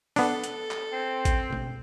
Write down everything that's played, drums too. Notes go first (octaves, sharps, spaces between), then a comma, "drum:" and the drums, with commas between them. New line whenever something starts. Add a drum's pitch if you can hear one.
B3 D4 A4, drum: open hi-hat
drum: hi-hat
drum: clap
C4
drum: kick A1, hi-hat
drum: tom B2